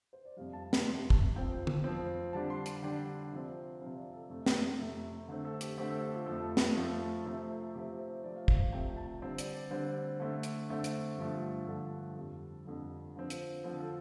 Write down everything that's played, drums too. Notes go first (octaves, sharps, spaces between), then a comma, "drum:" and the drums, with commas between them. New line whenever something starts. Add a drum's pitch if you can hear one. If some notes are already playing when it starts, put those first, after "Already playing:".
C5
D5
F2 C3 G3 F5
A5
drum: snare
F2 C3 G3 C6
A5, drum: kick
F2 F3 C4 G5
drum: tom
F2 F3 C4
D3 G3 D4 A5
C6
A5, drum: hi-hat
D3 G3 D4 G5
C3 F3 C4
C3 F3 C4 F5
D5
A4
F2 C3 A3
drum: snare
F2 C3 A3
D3 A3 C4
A4
G4, drum: hi-hat
D3 A3 C4 G4
A4
A4
F4
F2 F3 A3 A4
drum: snare
F2 F3 A3
C3 F3 A3 C4 C5
A4
C3 F3 A3 C4 G4
C5
C3 F3 A3 C4 D5
F5
F5, drum: kick
C5
C3 F3 A3 C4 G5
A5
D3 G3 C4 A5
D5, drum: hi-hat
D5
D3 G3 C4 C5
D3 A3 C4
drum: hi-hat
D3 A3 C4
drum: hi-hat
G2 D3 F3 A3
G2 D3 F3 A3 A4
F2 D3 G3
F2 D3 G3 A4
D3 F3 C4
drum: hi-hat
D3 F3 C4
A4